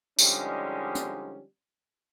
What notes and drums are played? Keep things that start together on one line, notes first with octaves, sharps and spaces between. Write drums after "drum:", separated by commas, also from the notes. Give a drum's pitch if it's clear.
D3 F3 G3 G#3 C#4 D#4, drum: tambourine
drum: hi-hat